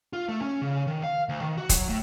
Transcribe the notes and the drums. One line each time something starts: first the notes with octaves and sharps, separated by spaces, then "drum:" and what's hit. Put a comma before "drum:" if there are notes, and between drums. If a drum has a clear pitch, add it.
F4
A3
C#4
C#3
D#3
F5
D2
D#3
F#4
F#3, drum: kick, hi-hat
A2